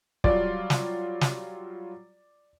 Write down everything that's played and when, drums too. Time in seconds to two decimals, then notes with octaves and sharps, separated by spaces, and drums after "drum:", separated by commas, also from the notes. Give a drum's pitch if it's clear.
0.24 F#3 G3 F4 D5, drum: kick
0.70 drum: snare
1.21 drum: snare